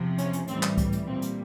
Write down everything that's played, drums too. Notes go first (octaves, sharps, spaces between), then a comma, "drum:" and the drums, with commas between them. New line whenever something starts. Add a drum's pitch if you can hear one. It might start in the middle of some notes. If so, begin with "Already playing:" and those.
Already playing: E2 C3 F3
C#4, drum: hi-hat
drum: hi-hat
A2 E3 G3 C4, drum: hi-hat
drum: clap
drum: kick C#2, hi-hat
drum: hi-hat
A#2 G3 C4
drum: hi-hat